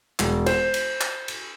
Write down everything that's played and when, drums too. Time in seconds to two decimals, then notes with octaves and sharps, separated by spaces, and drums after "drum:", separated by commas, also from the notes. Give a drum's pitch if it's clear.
0.19 E1, drum: clap
0.46 C5, drum: cymbal
0.74 drum: cymbal
1.01 drum: clap
1.28 drum: cymbal